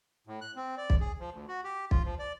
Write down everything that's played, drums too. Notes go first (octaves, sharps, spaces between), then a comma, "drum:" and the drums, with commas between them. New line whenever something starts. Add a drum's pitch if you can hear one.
A2
F#6
C4
D5
drum: kick
G#4
F3
D2
F#4
G4
F4, drum: kick
F3
D5